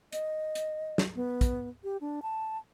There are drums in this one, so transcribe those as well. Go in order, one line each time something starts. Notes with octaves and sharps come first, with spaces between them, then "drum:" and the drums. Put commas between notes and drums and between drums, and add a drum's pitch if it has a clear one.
D#5, drum: hi-hat
drum: hi-hat
drum: snare
B3
drum: kick, hi-hat
G4
D4
A5